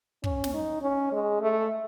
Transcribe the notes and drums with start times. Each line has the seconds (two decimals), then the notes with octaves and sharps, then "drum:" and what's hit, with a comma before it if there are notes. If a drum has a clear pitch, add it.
0.24 C#4, drum: kick
0.44 drum: snare
0.54 D#4
0.82 C#4
1.12 G#3
1.41 A3